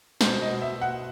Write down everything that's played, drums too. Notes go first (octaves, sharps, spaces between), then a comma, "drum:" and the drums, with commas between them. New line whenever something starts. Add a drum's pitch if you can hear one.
B2 C5, drum: snare
D#5
B2
E5
B2
F#5